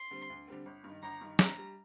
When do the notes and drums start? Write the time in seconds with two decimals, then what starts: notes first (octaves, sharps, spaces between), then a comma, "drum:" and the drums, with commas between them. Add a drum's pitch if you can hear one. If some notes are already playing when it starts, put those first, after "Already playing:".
Already playing: C6
0.11 D3 G3 C4
0.30 D2
0.47 D3 G3 C4
0.66 G1
0.84 G2 D#3
1.02 G1 A#5
1.21 G2 D#3
1.39 A#1 A#5, drum: snare
1.58 G3